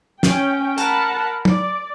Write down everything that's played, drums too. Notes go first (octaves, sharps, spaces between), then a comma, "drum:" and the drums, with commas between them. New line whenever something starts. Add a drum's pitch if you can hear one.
C#4 G5, drum: snare
A#4 F#5 A5 B5, drum: hi-hat
D5, drum: tom